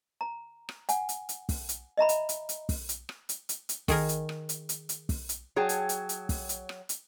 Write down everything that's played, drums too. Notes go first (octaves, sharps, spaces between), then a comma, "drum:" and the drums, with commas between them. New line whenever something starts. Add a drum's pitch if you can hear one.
A#5
drum: rim click
F#5 G#5, drum: hi-hat
drum: hi-hat
drum: hi-hat
drum: kick, open hi-hat
drum: hi-hat
D#5 E5 A#5 B5
drum: hi-hat
drum: hi-hat
drum: hi-hat
drum: kick, open hi-hat
drum: hi-hat
drum: rim click
drum: hi-hat
drum: hi-hat
drum: hi-hat
D#3 G#4 A#4, drum: kick, open hi-hat
drum: hi-hat
drum: rim click
drum: hi-hat
drum: hi-hat
drum: hi-hat
drum: kick, open hi-hat
drum: hi-hat
F#3 G#4 G5 A5
drum: hi-hat
drum: hi-hat
drum: hi-hat
drum: kick, open hi-hat
drum: hi-hat
drum: rim click
drum: hi-hat